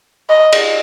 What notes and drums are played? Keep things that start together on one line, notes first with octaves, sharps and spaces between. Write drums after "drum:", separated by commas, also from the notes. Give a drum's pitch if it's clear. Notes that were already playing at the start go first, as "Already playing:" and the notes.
D#5
drum: cymbal